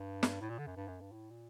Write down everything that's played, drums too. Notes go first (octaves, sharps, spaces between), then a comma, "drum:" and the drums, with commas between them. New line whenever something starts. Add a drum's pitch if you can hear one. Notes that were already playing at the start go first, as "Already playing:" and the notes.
Already playing: G2
drum: snare
A2
A#2
D3
F#2
G2
F#2
G2
A2
A#2